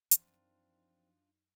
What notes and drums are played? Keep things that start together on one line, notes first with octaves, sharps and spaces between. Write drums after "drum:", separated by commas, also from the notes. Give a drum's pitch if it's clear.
F#2 E3 F3 C4 D4 D#4 F4, drum: hi-hat